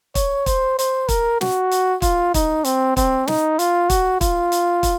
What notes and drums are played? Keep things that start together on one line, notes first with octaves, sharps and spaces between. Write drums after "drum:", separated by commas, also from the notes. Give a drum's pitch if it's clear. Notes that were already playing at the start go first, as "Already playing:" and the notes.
C#5, drum: kick, hi-hat
C5, drum: kick, hi-hat
C5, drum: hi-hat
A#4, drum: kick, hi-hat
F#4, drum: snare
drum: hi-hat
F4, drum: kick, hi-hat
D#4, drum: kick, hi-hat
C4, drum: hi-hat
C4, drum: kick, hi-hat
D#4, drum: snare
F4, drum: hi-hat
F#4, drum: kick, hi-hat
F4, drum: kick, hi-hat
drum: hi-hat
drum: kick, hi-hat